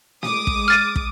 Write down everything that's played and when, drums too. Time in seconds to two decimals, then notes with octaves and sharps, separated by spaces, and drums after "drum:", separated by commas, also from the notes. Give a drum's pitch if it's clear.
0.23 G#3 D6 D#6, drum: snare
0.47 drum: kick
0.68 F6 A6 D#7
0.96 drum: kick